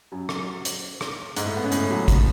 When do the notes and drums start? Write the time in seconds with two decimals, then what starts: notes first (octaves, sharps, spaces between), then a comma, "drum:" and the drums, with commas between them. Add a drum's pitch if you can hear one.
0.12 F#2 F#3
0.29 F#2 F#3, drum: rim click
0.65 drum: hi-hat
1.01 drum: rim click
1.36 G#2 G#3, drum: hi-hat
1.45 A2 A3
1.57 B3
1.64 C#3 C#4
1.72 A2 A3, drum: hi-hat
1.90 F#2 F#3
2.08 F3, drum: kick, hi-hat